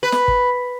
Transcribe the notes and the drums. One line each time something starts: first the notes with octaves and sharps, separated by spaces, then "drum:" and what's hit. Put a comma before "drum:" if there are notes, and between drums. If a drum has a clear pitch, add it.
B4
drum: snare
drum: kick